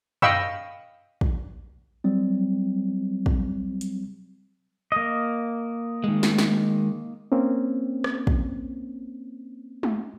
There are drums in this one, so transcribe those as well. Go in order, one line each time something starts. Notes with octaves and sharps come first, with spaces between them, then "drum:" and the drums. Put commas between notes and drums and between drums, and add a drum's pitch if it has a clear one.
D#5 F5 G5 B5 C#6 E6, drum: tom F#2
drum: kick
F#3 G3 C4
drum: kick
drum: hi-hat
A#3 D#5
D#3 G#3
drum: snare
drum: snare
A#3 C4 C#4
drum: rim click
drum: kick
drum: tom G#3